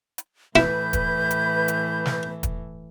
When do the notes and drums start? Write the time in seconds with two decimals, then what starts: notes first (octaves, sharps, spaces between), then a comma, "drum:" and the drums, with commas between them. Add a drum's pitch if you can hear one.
0.18 drum: hi-hat
0.56 A2 E3 E4 B4 B5 G6, drum: snare
0.93 drum: kick, hi-hat
1.31 drum: hi-hat
1.68 drum: hi-hat
2.06 drum: snare
2.43 drum: kick, hi-hat